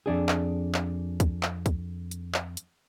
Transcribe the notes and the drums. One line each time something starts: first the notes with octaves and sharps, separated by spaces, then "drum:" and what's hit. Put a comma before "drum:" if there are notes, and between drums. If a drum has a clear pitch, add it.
F2 D4 G#4
drum: clap
drum: clap
drum: kick C#2, hi-hat
drum: clap
drum: kick C#2, hi-hat
drum: hi-hat
drum: clap
drum: hi-hat